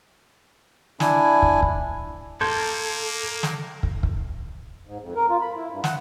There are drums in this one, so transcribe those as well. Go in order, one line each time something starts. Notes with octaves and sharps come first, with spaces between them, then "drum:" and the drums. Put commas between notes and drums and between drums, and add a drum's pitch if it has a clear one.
D4 E4 G#5, drum: snare
drum: kick
drum: kick
A#3 A4 C6 G6 G#6
drum: snare
drum: kick
drum: kick
G#2
F2
A#4
F4
B5
E4
G2
F#5, drum: snare